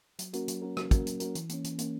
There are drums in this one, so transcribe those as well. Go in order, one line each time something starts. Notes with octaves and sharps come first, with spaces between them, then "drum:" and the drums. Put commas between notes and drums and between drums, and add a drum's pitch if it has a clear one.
F#3, drum: hi-hat
A#3 C#4 F#4 A#4, drum: hi-hat
F#3, drum: hi-hat
A#3 C#4 F#4 A#4
F#3, drum: rim click
A#3 C#4 F#4 A#4, drum: kick, hi-hat
F#3, drum: hi-hat
A#3 C#4 F#4 A#4, drum: hi-hat
E3, drum: hi-hat
A#3 C#4, drum: hi-hat
E3, drum: hi-hat
A#3 C#4, drum: hi-hat